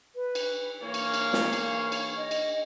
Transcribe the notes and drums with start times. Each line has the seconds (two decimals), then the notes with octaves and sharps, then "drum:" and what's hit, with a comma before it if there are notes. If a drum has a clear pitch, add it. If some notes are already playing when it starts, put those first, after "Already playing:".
0.15 B4
0.35 drum: cymbal
0.82 E3 A#3 C#5
0.94 drum: cymbal
1.14 F5, drum: cymbal
1.33 drum: snare
1.53 drum: cymbal
1.92 drum: cymbal
2.17 D#5
2.31 drum: cymbal